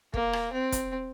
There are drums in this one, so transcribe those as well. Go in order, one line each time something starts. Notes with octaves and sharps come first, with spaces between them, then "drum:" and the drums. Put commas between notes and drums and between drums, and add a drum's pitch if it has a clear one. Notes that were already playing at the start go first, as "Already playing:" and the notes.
A#3, drum: kick
drum: rim click
C4
drum: kick, hi-hat